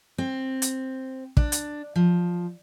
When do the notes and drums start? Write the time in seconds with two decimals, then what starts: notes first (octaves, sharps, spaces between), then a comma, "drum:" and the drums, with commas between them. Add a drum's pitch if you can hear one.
0.18 C4
0.62 drum: hi-hat
1.37 D4, drum: kick
1.52 drum: hi-hat
1.96 F3